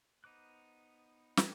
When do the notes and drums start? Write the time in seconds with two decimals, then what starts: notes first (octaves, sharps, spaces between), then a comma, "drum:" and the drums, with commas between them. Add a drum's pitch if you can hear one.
0.24 B3 D#4 C5 D6 F#6
1.37 drum: snare